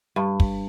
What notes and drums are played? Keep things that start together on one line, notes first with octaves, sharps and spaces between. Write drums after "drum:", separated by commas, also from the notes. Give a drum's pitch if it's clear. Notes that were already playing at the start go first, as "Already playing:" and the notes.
G2
drum: kick